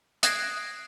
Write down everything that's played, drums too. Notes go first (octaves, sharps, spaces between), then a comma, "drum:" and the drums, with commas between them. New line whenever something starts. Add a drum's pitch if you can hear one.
D#6 F#6 G#6 A#6 C7 D7, drum: hi-hat